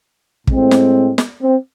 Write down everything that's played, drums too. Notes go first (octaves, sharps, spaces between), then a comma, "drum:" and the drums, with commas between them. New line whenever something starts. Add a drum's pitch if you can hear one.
A2 G#3 C4, drum: kick
drum: snare
drum: snare
C4